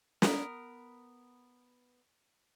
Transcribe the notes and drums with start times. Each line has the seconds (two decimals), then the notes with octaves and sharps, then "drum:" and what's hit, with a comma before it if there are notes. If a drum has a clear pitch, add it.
0.22 B3 A#4, drum: snare